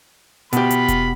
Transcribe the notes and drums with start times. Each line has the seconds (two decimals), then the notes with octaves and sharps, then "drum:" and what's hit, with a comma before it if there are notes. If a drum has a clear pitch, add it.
0.53 B2 F4 G4 F#5 B5, drum: hi-hat
0.71 drum: hi-hat
0.88 drum: kick E1, hi-hat